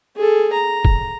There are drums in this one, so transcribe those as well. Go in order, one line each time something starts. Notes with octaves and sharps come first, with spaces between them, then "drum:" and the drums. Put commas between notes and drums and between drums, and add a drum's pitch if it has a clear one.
G#4 A4
A#5
drum: kick